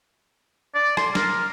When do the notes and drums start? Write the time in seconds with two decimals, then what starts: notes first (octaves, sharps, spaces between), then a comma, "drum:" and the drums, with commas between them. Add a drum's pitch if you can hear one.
0.75 D5
0.97 C6, drum: rim click
1.15 A#4, drum: snare